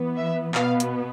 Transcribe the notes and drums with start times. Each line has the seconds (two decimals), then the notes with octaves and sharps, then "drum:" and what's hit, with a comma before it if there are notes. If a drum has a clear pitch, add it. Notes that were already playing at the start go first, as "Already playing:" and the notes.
Already playing: E3 B3
0.17 E5
0.55 B2 B3 F5, drum: clap
0.80 drum: hi-hat